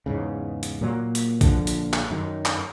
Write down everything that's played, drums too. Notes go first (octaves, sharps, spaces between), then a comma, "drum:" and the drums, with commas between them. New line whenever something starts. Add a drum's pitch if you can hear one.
E2 G#2 C#3
drum: hi-hat
A#2 F#3 G3 A#3
drum: hi-hat
A#1 D3 F3, drum: kick, hi-hat
drum: hi-hat
drum: clap
F#2 D#3
drum: clap